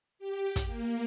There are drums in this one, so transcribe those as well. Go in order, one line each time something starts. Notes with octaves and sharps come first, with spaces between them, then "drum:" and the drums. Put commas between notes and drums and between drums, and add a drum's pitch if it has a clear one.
G4
drum: kick, hi-hat
A#3